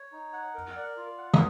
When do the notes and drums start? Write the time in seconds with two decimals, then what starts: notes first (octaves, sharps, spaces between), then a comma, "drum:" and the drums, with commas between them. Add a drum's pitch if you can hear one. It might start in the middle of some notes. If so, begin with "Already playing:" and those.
Already playing: C#5
0.12 D#4
0.33 F#5
0.54 A#4
0.76 D5
0.97 F4
1.18 F#5
1.34 D#6, drum: tom